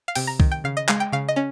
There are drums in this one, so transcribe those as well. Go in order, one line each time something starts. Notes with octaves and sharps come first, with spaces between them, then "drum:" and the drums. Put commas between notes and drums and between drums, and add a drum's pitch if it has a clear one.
F5
C3 G5, drum: open hi-hat
A#5
D#3, drum: kick C2
G5
C#3 F5
D#5
G#3 F5, drum: clap
G5
C#3 F5
D#5
C#4